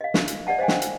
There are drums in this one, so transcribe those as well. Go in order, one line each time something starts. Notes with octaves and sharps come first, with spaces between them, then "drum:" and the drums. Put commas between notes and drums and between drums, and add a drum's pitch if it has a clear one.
D#5 F5
drum: snare
drum: hi-hat
D5 D#5 F#5 A5
C5 D#5 F5 G5 G#5
drum: snare
drum: hi-hat